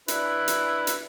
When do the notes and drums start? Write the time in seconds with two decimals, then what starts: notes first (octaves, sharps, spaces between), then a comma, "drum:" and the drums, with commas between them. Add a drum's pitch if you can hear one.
0.08 D4 E4 B4, drum: hi-hat
0.48 drum: hi-hat
0.87 drum: hi-hat